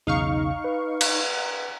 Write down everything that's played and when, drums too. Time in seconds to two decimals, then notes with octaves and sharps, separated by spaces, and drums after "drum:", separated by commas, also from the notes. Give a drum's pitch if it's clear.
0.07 B1 E2 C#3 D#4 F5 C#6
0.64 B4
1.01 drum: cymbal